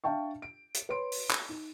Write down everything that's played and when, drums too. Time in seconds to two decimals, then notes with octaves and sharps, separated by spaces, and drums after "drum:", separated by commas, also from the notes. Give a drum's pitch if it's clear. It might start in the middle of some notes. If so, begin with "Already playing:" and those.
0.04 D4 E5 F5 G5 A5 C#6
0.42 D7
0.74 drum: hi-hat
0.89 B4 C#5 C6 D7
1.12 drum: open hi-hat
1.30 drum: clap
1.49 D#4